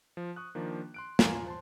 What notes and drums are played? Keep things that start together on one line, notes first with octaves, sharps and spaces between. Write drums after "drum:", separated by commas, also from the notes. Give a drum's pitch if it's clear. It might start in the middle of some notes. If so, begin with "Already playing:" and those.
F3
C#6 D#6 F#6
D#3 F3 A#3 D4
C6 F#6 D7
A#2 F4 G#5 A#5, drum: snare
C5 A5 C6